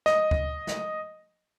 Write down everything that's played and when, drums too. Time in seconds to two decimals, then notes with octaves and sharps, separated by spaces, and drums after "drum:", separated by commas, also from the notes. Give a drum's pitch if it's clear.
0.06 D#5, drum: snare
0.31 drum: kick D2
0.67 drum: snare